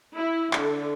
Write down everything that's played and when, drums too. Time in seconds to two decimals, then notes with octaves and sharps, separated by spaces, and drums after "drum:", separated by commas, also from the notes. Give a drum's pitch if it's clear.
0.15 E4
0.53 D3, drum: clap